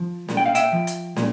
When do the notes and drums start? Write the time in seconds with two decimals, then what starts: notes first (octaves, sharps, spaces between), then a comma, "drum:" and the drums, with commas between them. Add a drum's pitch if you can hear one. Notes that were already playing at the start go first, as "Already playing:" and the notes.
Already playing: F3
0.28 A#2, drum: snare
0.37 G5
0.46 F5
0.55 E5 G5, drum: hi-hat
0.72 F3
0.87 drum: hi-hat
1.16 A#2, drum: snare